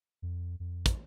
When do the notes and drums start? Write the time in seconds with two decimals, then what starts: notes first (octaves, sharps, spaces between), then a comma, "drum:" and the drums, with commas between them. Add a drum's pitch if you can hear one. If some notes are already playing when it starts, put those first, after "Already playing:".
0.22 F2
0.60 F2
0.86 drum: kick, hi-hat